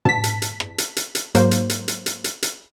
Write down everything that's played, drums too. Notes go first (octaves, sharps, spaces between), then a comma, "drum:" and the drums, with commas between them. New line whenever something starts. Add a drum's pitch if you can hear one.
A5 B6, drum: tom
drum: hi-hat
drum: hi-hat
drum: rim click
drum: hi-hat
drum: hi-hat
drum: hi-hat
G#2 F#3 A#3 C5, drum: hi-hat
drum: hi-hat
drum: hi-hat
drum: hi-hat
drum: hi-hat
drum: hi-hat
drum: hi-hat